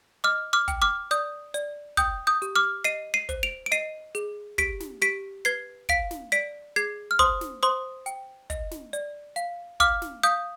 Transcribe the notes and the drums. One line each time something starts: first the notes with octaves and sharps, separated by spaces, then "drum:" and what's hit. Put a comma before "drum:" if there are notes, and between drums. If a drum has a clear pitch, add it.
D#5 D6 F6
D6 F6
G5, drum: kick, hi-hat
D6 F6
D5 D#6 G6, drum: hi-hat
D5, drum: hi-hat
G5 D#6 G6, drum: kick, hi-hat
D#6 G6
G4, drum: hi-hat
D6 F6
D#5 C7 D#7, drum: hi-hat
C7 D#7
C5, drum: kick, hi-hat
D7 F7
D7
D#5 C7 D#7, drum: hi-hat
G#4, drum: hi-hat
G4 B6 D7, drum: kick, hi-hat
drum: snare
G4 B6 D7, drum: hi-hat
B4 G#6 C7, drum: hi-hat
F5 B6 D7, drum: kick, hi-hat
drum: snare
D5 B6 D7, drum: hi-hat
G#4 G#6 C7, drum: hi-hat
F6
C5 C6 D#6, drum: kick, hi-hat
drum: snare
C5 C6 D#6, drum: hi-hat
G5, drum: hi-hat
D#5, drum: kick, hi-hat
drum: snare
D5, drum: hi-hat
F5, drum: hi-hat
F5 D6 F6, drum: kick, hi-hat
drum: snare
F5 D#6 G6, drum: hi-hat